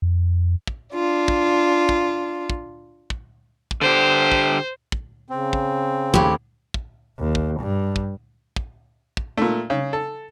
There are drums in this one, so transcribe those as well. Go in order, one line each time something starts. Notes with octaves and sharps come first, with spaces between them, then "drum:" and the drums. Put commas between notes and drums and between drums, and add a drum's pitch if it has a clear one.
F2
drum: kick
D4 F4
drum: kick
drum: kick
drum: kick
drum: kick
drum: kick
D3 G4 C5
drum: kick
drum: kick
C#3 C4
drum: kick
D#2 A2 G4 B5 C#6, drum: kick
drum: kick
D#2
drum: kick
G2
drum: kick
drum: kick
drum: kick
A#2 A3
C#3
A4